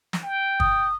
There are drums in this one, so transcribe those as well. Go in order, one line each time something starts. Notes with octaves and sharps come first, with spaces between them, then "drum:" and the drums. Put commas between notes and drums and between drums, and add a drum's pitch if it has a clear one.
drum: snare
G5
D#6, drum: kick